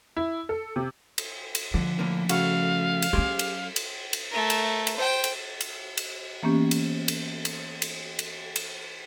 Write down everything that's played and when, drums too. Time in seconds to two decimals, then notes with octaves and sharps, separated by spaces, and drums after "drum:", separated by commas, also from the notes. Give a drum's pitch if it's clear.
0.17 E4
0.49 A4
0.76 C3
1.18 drum: cymbal
1.55 drum: cymbal
1.74 D3 F3
1.99 A2 D3 A#3
2.29 C#3 A3 F#4 F5, drum: cymbal
3.02 drum: cymbal
3.13 F#3 C#4 G4 G#4 C5
3.39 drum: cymbal
3.76 drum: cymbal
4.13 drum: cymbal
4.31 A3 A#4
4.50 drum: cymbal
4.87 drum: cymbal
4.96 C5 G5
5.24 drum: cymbal
5.61 drum: cymbal
5.97 drum: cymbal
6.43 E3 A#3 B3 C#4 G4
6.71 drum: cymbal
7.08 drum: cymbal
7.45 drum: cymbal
7.82 drum: cymbal
8.19 drum: cymbal
8.56 drum: cymbal